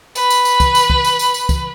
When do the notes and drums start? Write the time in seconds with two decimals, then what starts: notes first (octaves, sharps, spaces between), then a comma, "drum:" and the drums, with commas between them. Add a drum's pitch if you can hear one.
0.15 B4 B5, drum: tambourine
0.30 drum: tambourine
0.45 drum: tambourine
0.60 drum: kick, tambourine
0.75 drum: tambourine
0.90 drum: kick
1.05 drum: tambourine
1.19 drum: tambourine
1.34 drum: tambourine
1.49 drum: kick, tambourine